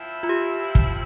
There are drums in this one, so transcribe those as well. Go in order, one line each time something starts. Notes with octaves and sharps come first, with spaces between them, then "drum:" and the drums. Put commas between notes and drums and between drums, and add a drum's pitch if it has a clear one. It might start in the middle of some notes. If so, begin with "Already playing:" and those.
Already playing: F3 C4 E4
F4
G4
drum: kick